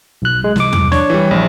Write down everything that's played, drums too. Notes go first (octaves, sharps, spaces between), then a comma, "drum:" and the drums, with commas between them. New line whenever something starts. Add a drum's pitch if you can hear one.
B1 F#6
G#3
C2 D6, drum: snare
drum: tom E2
D4 C#5, drum: snare
E3 G3
A#1